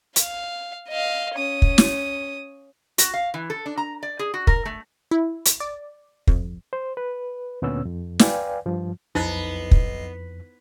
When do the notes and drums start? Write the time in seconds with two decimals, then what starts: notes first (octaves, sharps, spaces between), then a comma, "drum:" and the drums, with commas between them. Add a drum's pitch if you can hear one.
0.16 F5, drum: hi-hat
0.88 D#5 F5
1.34 C#4 D#6
1.62 drum: kick
1.78 drum: snare
2.98 F#4, drum: hi-hat
3.14 F5
3.34 E3
3.50 A4
3.66 D4
3.78 A#5
4.03 D5
4.19 G#4
4.34 F#4
4.47 A#4, drum: kick
4.65 A3
5.11 E4
5.45 drum: hi-hat
5.60 D5
6.27 F2, drum: kick
6.73 C5
6.97 B4
7.62 D2 A#2 B3 C#4 E6
7.85 F2
8.19 B4 D5 F5 G5 G#5, drum: snare
8.66 G2 F3
9.15 B1 F2 B3 D#4 E4 C5 D#5 C7
9.71 drum: kick